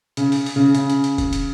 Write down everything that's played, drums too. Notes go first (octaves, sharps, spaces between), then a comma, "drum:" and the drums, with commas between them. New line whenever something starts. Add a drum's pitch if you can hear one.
C#3, drum: hi-hat
drum: open hi-hat
drum: open hi-hat
C#3
C#3, drum: hi-hat
drum: hi-hat
drum: hi-hat
drum: kick E1, hi-hat
drum: hi-hat